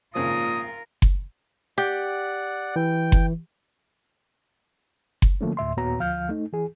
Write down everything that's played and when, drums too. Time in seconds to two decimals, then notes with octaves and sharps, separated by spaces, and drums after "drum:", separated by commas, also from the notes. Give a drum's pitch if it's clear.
0.15 G#1 A#2 C#3 F3 F4 A#4 D#6
1.02 drum: kick F#1
1.78 G4 D5 F#5
2.76 E3 G5
3.12 drum: kick F#1
5.22 drum: kick F#1
5.41 D3 F3 A3 A#3 C#4
5.57 D2 A2 E5 C6
5.77 D#2 A#2 B3 F#4 C#5 A#5
5.99 D2 F3 F5 F6 G6
6.29 A3 D#4
6.53 E3 G#4